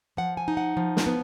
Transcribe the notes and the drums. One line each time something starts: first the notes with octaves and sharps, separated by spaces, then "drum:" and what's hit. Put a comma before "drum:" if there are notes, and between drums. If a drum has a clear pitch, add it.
F3 F#5
G#5
D#4
F#5
F3
drum: snare
B3